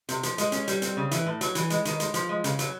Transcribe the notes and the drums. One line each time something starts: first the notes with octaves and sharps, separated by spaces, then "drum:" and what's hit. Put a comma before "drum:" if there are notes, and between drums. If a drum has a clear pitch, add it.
C3, drum: hi-hat
F3, drum: hi-hat
G#3, drum: hi-hat
C#4, drum: hi-hat
G3, drum: hi-hat
C4, drum: hi-hat
C#3
E3, drum: hi-hat
A2
F#3, drum: hi-hat
E3, drum: hi-hat
G#3, drum: hi-hat
D#3, drum: hi-hat
G#3, drum: hi-hat
F3, drum: hi-hat
G#3
C#3, drum: hi-hat
F#3, drum: hi-hat